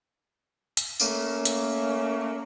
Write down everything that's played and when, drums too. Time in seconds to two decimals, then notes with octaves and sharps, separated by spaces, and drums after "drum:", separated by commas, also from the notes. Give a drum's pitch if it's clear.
0.77 drum: hi-hat
1.00 A3 A#3 C#4, drum: tambourine
1.45 drum: hi-hat